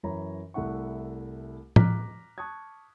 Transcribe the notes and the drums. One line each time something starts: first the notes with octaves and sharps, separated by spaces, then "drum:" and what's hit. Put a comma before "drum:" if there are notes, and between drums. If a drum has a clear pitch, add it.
F#2 E3 C#5 A#5 B5
C2 A3 E4 F#5 C#6
A#5 D6 F6 F#6 B6, drum: tom
A5 C#6 D#6 F#6 G#6